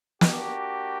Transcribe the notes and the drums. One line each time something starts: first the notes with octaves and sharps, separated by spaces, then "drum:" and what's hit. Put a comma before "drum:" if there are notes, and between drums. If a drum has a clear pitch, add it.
A#3 D4 F#4 G4, drum: snare